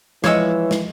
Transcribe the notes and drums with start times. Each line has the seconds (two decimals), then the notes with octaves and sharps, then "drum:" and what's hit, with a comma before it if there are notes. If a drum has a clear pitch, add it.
0.24 E3 F3 G#3 C#5 E6, drum: snare
0.71 drum: snare